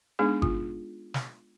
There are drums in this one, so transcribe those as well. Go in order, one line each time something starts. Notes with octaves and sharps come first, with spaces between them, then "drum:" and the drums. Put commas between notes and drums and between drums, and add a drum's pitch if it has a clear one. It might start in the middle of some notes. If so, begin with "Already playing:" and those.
G#3 B3 D4 D#4 G#4
F4, drum: kick G1
drum: snare